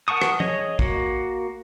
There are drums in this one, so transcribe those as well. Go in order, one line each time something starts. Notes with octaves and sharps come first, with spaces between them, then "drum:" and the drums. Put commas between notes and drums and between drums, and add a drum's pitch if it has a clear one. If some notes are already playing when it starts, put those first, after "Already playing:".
A#4 F#5 A5 C#6 D#6
drum: rim click
G#4 C#5 D#5, drum: tom
A#3 F#4, drum: kick